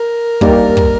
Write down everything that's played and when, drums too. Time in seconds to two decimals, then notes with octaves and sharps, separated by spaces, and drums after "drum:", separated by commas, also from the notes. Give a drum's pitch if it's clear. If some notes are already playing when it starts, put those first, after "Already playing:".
Already playing: A#4
0.41 G3 A#3 D#4 G4 D5, drum: kick
0.77 drum: kick